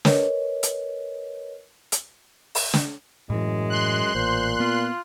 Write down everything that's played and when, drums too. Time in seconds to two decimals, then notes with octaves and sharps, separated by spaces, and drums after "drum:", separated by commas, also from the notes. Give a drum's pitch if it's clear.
0.05 A#4 B4 C#5 D#5, drum: snare
0.63 drum: hi-hat
1.92 drum: hi-hat
2.55 drum: open hi-hat
2.74 drum: snare
3.30 F#2 A2 E3 G#3
3.70 C6 F#6
4.15 A1 A#2 C5
4.60 B3 F4